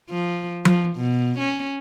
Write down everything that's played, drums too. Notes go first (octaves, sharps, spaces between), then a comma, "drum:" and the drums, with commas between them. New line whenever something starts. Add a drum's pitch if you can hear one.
F3
F3, drum: tom F3
B2
C#4